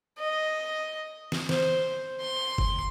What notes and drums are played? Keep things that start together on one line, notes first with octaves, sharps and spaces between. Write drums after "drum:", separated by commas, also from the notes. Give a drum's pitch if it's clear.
D#5
drum: snare
C5, drum: snare
C6
drum: kick F#1